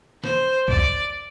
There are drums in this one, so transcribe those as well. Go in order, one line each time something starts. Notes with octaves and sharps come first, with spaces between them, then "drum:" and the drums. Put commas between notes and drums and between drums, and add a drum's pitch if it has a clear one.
C5, drum: snare
D5, drum: kick